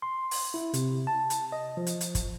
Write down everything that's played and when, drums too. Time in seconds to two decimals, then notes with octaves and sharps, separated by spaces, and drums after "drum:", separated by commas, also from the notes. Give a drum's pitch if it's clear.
0.02 C6
0.31 drum: open hi-hat
0.54 E4
0.74 C3, drum: hi-hat
1.07 A5
1.30 drum: hi-hat
1.52 D#5
1.77 F3
1.87 drum: hi-hat
2.01 drum: hi-hat
2.15 drum: kick, hi-hat